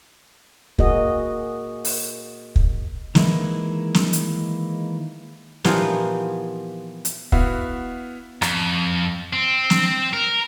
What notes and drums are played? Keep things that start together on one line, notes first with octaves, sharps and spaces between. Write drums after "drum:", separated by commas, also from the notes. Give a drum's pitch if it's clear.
A#3 F#4 G#4 D#5, drum: kick
drum: open hi-hat
drum: kick
D#3 E3 G#3 A#3 D#4 E4, drum: snare
drum: snare
drum: hi-hat
A#2 E3 F3 B3 D#4 G4 B4 C6, drum: snare
drum: hi-hat
B3 E4 F#4 E5 F5, drum: kick
F2, drum: rim click
C4
drum: snare
A#4